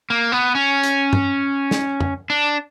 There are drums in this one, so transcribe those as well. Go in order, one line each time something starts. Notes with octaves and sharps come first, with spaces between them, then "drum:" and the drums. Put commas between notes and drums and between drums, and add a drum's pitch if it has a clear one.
A#3
B3
C#4
drum: hi-hat
drum: tom
drum: snare
drum: tom F2
D4